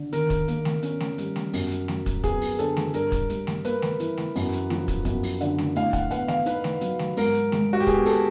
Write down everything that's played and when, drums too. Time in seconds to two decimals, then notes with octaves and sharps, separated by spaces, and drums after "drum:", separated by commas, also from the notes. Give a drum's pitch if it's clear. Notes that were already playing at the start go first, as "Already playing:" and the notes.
Already playing: D3
0.13 D#3 A#4, drum: hi-hat
0.30 drum: kick, hi-hat
0.48 A#3, drum: hi-hat
0.65 drum: snare A3
0.83 C#4, drum: hi-hat
1.00 drum: snare A3
1.18 G3, drum: hi-hat
1.36 drum: snare A3
1.53 F#2, drum: open hi-hat
1.71 drum: hi-hat
1.88 F#3, drum: snare A3
2.06 drum: kick, hi-hat
2.24 B3 G#4, drum: kick, hi-hat
2.41 drum: open hi-hat
2.59 D3 A4, drum: hi-hat
2.77 drum: snare A3
2.94 G2 A#4, drum: hi-hat
3.12 drum: kick, hi-hat
3.30 G3, drum: hi-hat
3.47 drum: snare A3
3.65 A#3 B4, drum: hi-hat
3.82 drum: snare A3
4.00 E3, drum: hi-hat
4.17 drum: snare A3
4.36 F#2, drum: open hi-hat
4.53 drum: hi-hat
4.70 F3, drum: snare A3
4.88 drum: kick, hi-hat
5.05 F#2, drum: kick, hi-hat
5.23 drum: open hi-hat
5.41 D3, drum: hi-hat
5.58 drum: snare A3
5.76 A2 F5, drum: hi-hat
5.93 F#5, drum: kick, hi-hat
6.11 B3 F#5, drum: hi-hat
6.28 F5, drum: snare A3
6.46 D#4 B4, drum: hi-hat
6.64 drum: snare A3
6.81 F#3, drum: hi-hat
6.99 drum: snare A3
7.17 G#2 A#4, drum: open hi-hat
7.35 drum: hi-hat
7.52 G#3, drum: snare A3
7.73 F#4
7.80 G4
7.87 B3 G#4, drum: kick, hi-hat
8.06 A4, drum: open hi-hat